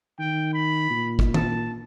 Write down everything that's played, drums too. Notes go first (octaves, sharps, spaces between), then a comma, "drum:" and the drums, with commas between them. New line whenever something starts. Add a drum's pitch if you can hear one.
D#3 G5
B5
A#2
drum: kick
A5, drum: tom